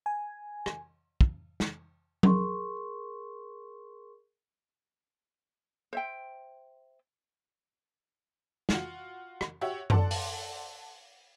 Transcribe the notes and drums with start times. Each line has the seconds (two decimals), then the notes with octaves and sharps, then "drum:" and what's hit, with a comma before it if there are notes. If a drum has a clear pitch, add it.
0.06 G#5
0.66 drum: rim click
1.21 drum: kick
1.60 drum: snare
2.23 G#4 A#4 C6 C#6, drum: tom F#3
5.93 C5 E5 G5
8.69 F4 F#4, drum: snare
9.41 drum: rim click
9.61 F#4 G4 C#5 E5
9.90 A4 D5 F#5 A5 C6, drum: tom F#2
10.11 drum: open hi-hat